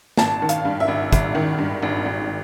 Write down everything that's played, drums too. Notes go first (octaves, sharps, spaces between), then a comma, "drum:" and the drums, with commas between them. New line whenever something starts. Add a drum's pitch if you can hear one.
G#1 A5, drum: snare
D#3
F5, drum: hi-hat
G2
E5
G#1
G#1, drum: kick, hi-hat
D#3
G2
G#1
G#1